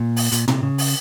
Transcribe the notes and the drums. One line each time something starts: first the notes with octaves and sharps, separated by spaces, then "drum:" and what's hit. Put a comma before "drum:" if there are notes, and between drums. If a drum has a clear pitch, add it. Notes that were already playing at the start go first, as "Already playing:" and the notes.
Already playing: A#2
drum: open hi-hat
A#2, drum: hi-hat
C3, drum: tom
C#3
drum: open hi-hat